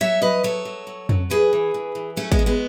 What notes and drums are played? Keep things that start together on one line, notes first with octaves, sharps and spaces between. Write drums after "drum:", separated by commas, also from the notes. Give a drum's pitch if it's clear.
F#3 C#5 E5
F#3 B4 D#5
F#3 A4 C#5
F#3
F#3
F#3, drum: tom F2
E3 G#4 B4
E3
E3
E3
F#3 A3 C#4
G#3 B3, drum: kick
F#3
G#3 B3